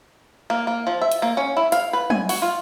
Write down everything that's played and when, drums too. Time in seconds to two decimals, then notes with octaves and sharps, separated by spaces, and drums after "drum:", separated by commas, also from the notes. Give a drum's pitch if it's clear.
0.50 A#3
0.67 A#3
0.87 F3
1.01 E5
1.12 drum: hi-hat
1.22 A#3
1.37 C#4
1.57 E4
1.72 F5, drum: hi-hat
1.93 B4
2.10 G#5, drum: tom
2.29 F#4, drum: open hi-hat
2.42 F4